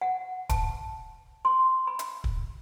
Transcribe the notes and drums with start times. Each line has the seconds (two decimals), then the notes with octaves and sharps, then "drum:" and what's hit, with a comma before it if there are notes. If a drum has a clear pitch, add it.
0.01 F#5
0.49 A5, drum: kick, hi-hat
1.45 C6
1.87 B5
1.99 drum: hi-hat
2.24 drum: kick